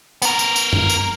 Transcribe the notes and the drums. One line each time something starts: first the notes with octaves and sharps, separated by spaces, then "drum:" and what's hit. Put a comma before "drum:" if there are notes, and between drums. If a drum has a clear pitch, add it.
B3 A#4, drum: tambourine
drum: tambourine
drum: tambourine
drum: tom F#2
drum: tambourine